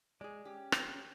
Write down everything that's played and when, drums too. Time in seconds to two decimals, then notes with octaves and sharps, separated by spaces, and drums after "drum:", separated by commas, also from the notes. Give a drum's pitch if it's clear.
0.21 G#3 G#4 D5
0.45 C#4 G4
0.72 drum: rim click